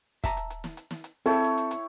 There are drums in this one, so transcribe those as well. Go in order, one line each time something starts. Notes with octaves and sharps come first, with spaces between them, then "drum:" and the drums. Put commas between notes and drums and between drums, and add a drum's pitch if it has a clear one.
E5 A5 A#5, drum: kick, hi-hat
drum: hi-hat
drum: hi-hat
drum: snare
drum: hi-hat
drum: snare
drum: hi-hat
C4 E4 A4 C#5 G5
drum: hi-hat
drum: hi-hat
drum: hi-hat